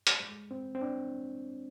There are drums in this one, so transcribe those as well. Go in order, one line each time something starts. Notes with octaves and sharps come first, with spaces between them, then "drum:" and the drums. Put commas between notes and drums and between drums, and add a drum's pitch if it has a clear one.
drum: hi-hat
G#3
C4
C4
D4